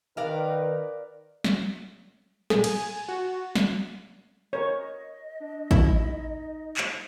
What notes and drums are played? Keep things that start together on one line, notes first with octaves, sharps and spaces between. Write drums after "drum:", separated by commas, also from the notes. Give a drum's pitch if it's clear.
D#3 A#4 B4 D5 F5
drum: snare
A#2 G#4 A4, drum: snare
G#5, drum: cymbal
F#4
drum: snare
A#4 C#5 D#5
D4
D#4 E4, drum: kick A1
drum: clap